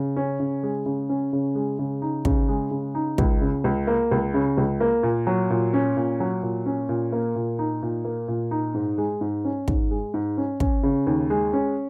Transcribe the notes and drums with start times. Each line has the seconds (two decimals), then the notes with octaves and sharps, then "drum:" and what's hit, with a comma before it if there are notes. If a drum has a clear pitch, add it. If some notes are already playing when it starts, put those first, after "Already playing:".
Already playing: C#3
0.16 C#4
0.40 C#3
0.63 G#3
0.86 C#3
1.09 C#4
1.33 C#3
1.55 G#3
1.79 C#3
2.02 D#4
2.25 C#3, drum: kick
2.49 G#3
2.71 C#3
2.95 D#4
3.18 C#2, drum: kick
3.41 C#3
3.64 C#2
3.87 A#3
4.11 C#2
4.34 C#3
4.57 C#2
4.80 A#3
5.03 A#2
5.27 F#3
5.50 A#2
5.73 C#4
5.97 A#2
6.20 F#3
6.43 A#2
6.66 C#4
6.89 A#2
7.12 A#3
7.36 A#2
7.59 D#4
7.83 A#2
8.05 A#3
8.28 A#2
8.51 D#4
8.74 G#2
8.98 G#3
9.21 G#2
9.45 C#4
9.68 G#2, drum: kick
9.91 G#3
10.14 G#2
10.37 C#4
10.60 C#4, drum: kick
10.83 C#3
11.07 D#2
11.30 G#3
11.53 C#4